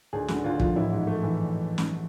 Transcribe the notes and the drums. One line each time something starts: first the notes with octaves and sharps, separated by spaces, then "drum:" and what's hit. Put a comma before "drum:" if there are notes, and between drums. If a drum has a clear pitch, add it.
D2 G#4
D3 F#4, drum: snare
D2 F4
F3 F4, drum: kick
A1 E4
G#2
A3
E3
drum: snare